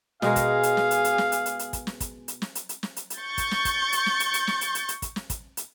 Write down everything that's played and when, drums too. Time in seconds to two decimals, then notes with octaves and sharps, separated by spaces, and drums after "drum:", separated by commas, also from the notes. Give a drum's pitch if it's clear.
0.22 B2 G#3 G#4 A#4 F5, drum: snare
0.36 drum: kick, hi-hat
0.63 drum: hi-hat
0.77 drum: snare
0.91 drum: hi-hat
1.04 drum: hi-hat
1.18 drum: snare
1.32 drum: hi-hat
1.46 drum: hi-hat
1.59 drum: hi-hat
1.73 drum: kick, hi-hat
1.87 drum: snare
2.00 drum: kick, hi-hat
2.28 drum: hi-hat
2.42 drum: snare
2.55 drum: hi-hat
2.69 drum: hi-hat
2.83 drum: snare
2.97 drum: hi-hat
3.10 drum: hi-hat
3.19 C#6 G6 A6
3.38 drum: kick, hi-hat
3.51 drum: snare
3.65 drum: kick, hi-hat
3.93 drum: hi-hat
4.06 drum: snare
4.20 drum: hi-hat
4.34 drum: hi-hat
4.47 drum: snare
4.61 drum: hi-hat
4.75 drum: hi-hat
4.89 drum: hi-hat
5.02 drum: kick, hi-hat
5.16 drum: snare
5.30 drum: kick, hi-hat
5.57 drum: hi-hat